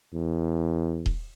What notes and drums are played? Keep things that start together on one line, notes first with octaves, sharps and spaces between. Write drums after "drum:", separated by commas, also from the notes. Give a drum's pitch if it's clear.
E2
drum: kick D#1